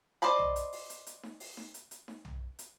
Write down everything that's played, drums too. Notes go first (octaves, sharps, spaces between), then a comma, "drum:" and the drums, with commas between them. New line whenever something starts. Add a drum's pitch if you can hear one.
C5 D5 D#5 A5 B5
drum: tom B1
drum: hi-hat
drum: open hi-hat
drum: hi-hat
drum: hi-hat
drum: snare D#4
drum: open hi-hat
drum: snare D#4
drum: hi-hat
drum: hi-hat
drum: snare D#4
drum: tom B1
drum: hi-hat